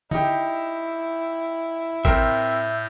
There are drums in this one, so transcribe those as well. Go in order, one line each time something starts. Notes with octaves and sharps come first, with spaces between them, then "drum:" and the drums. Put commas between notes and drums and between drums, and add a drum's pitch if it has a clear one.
D#4 E4 G4, drum: tom D3
A2 C4 A#4 E5 G6, drum: kick